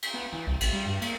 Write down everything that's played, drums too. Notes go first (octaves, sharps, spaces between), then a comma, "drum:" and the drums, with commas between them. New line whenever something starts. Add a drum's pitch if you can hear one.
drum: cymbal
B3
E3
C2
A1, drum: cymbal
G3
G2
A#3, drum: cymbal